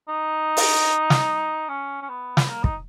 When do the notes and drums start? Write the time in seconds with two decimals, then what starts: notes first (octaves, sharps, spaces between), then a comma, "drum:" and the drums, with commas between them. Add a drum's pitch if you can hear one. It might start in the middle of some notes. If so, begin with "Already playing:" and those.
0.08 D#4
0.57 drum: open hi-hat
1.10 drum: snare
1.69 C#4
2.02 C#4
2.09 B3
2.37 drum: snare
2.49 A#3
2.64 D#4, drum: kick